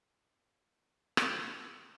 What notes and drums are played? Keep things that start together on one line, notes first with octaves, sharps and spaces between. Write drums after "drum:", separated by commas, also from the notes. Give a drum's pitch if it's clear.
B3 G4
G3 C#4
drum: rim click
E4 A4